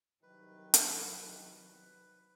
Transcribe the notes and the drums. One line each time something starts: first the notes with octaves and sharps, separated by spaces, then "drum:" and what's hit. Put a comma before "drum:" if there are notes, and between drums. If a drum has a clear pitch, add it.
C2 D#3 F#3 B4
drum: hi-hat